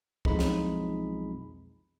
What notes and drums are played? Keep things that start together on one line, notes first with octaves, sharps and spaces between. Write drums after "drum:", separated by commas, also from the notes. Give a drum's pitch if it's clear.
B1 F2 E3 G#3 D#4 B5, drum: kick
drum: snare